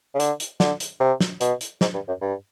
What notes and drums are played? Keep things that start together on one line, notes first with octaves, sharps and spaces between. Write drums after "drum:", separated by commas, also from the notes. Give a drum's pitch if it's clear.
C#3
D3, drum: hi-hat
drum: hi-hat
D3, drum: snare
drum: hi-hat
C3
drum: snare
B2, drum: hi-hat
drum: hi-hat
G#2, drum: snare
G2
F#2
G2